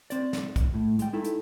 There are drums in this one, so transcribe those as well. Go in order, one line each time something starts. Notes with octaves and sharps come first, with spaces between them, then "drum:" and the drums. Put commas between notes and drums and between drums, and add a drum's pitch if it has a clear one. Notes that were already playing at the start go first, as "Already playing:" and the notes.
C4 D5, drum: hi-hat
drum: snare
drum: kick, hi-hat
A2 A3
G#3 G5, drum: hi-hat
D#4 E4 A4
drum: hi-hat